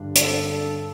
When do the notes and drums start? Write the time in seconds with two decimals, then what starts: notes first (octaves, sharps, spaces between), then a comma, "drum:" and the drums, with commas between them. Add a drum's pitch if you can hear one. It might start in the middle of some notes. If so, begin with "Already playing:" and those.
Already playing: G2 D3 G3 D4
0.16 A4, drum: hi-hat